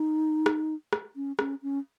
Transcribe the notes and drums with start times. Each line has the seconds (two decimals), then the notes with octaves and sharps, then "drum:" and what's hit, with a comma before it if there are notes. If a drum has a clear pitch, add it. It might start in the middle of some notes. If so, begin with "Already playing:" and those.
Already playing: D#4
0.46 drum: rim click
0.93 drum: rim click
1.16 C#4
1.39 C#4, drum: rim click
1.63 C#4